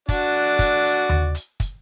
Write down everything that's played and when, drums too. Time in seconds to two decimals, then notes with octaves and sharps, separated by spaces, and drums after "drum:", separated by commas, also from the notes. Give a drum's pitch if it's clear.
0.09 D4 F#4 D5, drum: kick, hi-hat
0.59 drum: kick, hi-hat
0.84 drum: hi-hat
1.09 drum: tom D#2
1.35 drum: hi-hat
1.60 drum: kick, hi-hat